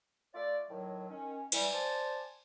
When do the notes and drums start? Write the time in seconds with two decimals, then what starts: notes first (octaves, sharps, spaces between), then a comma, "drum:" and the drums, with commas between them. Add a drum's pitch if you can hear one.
0.34 A3 F4 D5
0.68 A2 D#3 F#3
1.09 D#3 C#4
1.52 E3 G3, drum: cymbal
1.72 C5 D5 G#5 A5